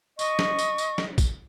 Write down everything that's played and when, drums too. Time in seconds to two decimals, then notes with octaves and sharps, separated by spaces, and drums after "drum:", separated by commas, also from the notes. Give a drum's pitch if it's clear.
0.19 D#5 C#6, drum: tambourine
0.39 drum: snare
0.59 drum: tambourine
0.78 drum: tambourine
0.98 drum: snare
1.18 drum: kick A#1, tambourine